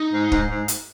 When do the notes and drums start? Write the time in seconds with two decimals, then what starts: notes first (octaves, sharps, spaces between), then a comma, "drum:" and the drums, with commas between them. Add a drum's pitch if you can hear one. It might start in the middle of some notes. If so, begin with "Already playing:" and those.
Already playing: D#4
0.13 G#2
0.32 G#2, drum: kick
0.50 G#2
0.68 drum: hi-hat